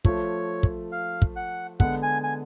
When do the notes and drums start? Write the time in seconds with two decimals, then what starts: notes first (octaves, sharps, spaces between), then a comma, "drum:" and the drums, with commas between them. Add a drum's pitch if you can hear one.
0.05 F3 A3 F4 C#5, drum: kick
0.63 drum: kick
0.92 F5
1.22 drum: kick
1.36 F#5
1.80 D3 G#3 B3 F#5, drum: kick
2.03 G#5
2.23 G#5